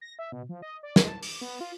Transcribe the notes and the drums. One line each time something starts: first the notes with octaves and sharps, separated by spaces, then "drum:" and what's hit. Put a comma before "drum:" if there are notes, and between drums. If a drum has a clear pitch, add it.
A#6
E5
B2
F3
D#5
D5
G#3, drum: snare
A5
D6, drum: open hi-hat
B3
F4